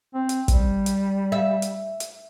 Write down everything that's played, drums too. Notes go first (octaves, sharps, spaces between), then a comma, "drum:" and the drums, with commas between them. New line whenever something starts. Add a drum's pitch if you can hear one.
C4
drum: hi-hat
G3, drum: kick, hi-hat
drum: hi-hat
E5
drum: hi-hat
drum: hi-hat